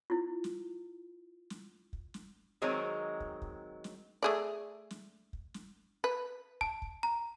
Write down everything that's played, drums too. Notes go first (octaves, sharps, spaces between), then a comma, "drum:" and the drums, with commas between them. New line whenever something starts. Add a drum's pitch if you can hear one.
E4 F4
drum: snare
drum: snare
drum: kick
drum: snare
D#3 F#3 G#3 C4
drum: kick
drum: kick
drum: snare
A3 G#4 D5
drum: snare
drum: kick
drum: snare
B4
A5, drum: kick
drum: kick
A#5